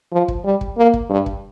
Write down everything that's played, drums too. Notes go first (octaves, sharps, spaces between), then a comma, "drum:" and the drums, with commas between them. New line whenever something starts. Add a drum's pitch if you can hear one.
F3
drum: kick
G3
drum: kick
A#3
drum: kick
G2
drum: kick